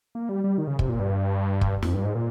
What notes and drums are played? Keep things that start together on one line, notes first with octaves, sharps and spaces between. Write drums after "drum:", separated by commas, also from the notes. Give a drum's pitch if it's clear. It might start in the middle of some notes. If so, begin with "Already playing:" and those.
A#3
G3
G3
D#3
C#3
C3, drum: kick
A#2
G2
drum: kick
F2, drum: snare
G2
G#2
A#2